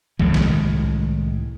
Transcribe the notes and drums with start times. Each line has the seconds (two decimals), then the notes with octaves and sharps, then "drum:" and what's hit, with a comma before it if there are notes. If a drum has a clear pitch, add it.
0.19 C2 A2 D#3 G#3, drum: kick B1
0.34 drum: snare